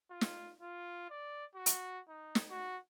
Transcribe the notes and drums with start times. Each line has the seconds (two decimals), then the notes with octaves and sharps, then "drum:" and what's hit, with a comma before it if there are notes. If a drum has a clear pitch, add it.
0.11 F4
0.21 drum: snare
0.61 F4
1.11 D5
1.55 F#4
1.66 drum: hi-hat
2.09 D#4
2.35 drum: snare
2.50 F#4